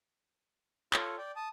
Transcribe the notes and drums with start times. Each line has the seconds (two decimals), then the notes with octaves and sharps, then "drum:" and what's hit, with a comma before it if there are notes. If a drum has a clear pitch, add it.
0.94 F4 A4 C#5, drum: clap
1.18 D5 G5
1.36 A5 D#6